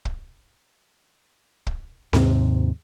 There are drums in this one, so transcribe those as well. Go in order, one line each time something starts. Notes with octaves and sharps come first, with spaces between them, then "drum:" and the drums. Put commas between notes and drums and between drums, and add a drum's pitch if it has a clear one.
drum: kick
drum: kick
D#2 G#2 C3, drum: snare C4